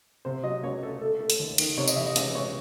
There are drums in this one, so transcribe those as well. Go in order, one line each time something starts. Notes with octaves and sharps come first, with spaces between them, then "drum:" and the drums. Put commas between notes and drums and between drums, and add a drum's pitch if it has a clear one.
C3 C5
F#3 D#5
C#2 C#5
A3 A4
A3 A4
A3
drum: hi-hat
D#2
D#3, drum: cymbal
C3 C#5
D#5, drum: tambourine
E3 E5
D#5
C#2 E5, drum: hi-hat
C#2 C#5